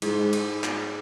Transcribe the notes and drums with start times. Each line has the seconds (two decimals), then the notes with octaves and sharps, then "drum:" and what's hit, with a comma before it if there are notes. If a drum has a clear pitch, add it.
0.02 G#2, drum: cymbal
0.33 drum: cymbal
0.64 drum: clap